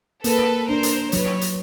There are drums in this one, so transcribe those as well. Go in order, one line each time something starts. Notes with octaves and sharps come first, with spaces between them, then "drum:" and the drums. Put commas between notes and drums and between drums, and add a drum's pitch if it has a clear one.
A#3 A4 B4, drum: hi-hat
D4 A#4 C5
drum: hi-hat
F#3 B4 C#5, drum: hi-hat
drum: hi-hat